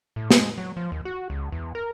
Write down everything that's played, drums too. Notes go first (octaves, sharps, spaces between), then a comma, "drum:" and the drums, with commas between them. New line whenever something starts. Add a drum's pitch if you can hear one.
A2
G#3, drum: snare
F#3
F3
D#2
F#4
C#2
E2
A#4